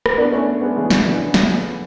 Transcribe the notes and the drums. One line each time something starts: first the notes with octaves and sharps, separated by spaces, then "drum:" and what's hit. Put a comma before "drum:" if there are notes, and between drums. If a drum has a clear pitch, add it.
drum: rim click
B3 D4
A3 C#4
G#3 B3
C#3 E3
D3, drum: snare
C#3 E3
drum: snare